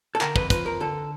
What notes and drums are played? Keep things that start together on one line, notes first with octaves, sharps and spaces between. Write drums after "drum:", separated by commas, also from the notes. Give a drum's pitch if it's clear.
A4
D3 A#4, drum: clap
F2 B4, drum: kick
F3 B4, drum: kick, hi-hat
F2 A#4
D3 A4